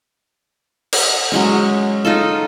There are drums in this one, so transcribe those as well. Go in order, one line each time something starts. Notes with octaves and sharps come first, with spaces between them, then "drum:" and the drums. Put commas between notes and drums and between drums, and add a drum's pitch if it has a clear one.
drum: cymbal
F#3 G#3 C#4
D#4 F4 A4